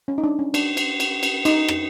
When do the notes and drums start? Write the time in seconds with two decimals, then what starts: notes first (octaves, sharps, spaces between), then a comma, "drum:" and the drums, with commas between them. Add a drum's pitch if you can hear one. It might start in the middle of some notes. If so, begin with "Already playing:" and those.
0.08 C#4
0.18 D#4
0.24 D4
0.39 C#4
0.54 D4, drum: cymbal
0.77 drum: cymbal
1.00 drum: cymbal
1.23 drum: cymbal
1.45 D#4, drum: cymbal
1.68 drum: rim click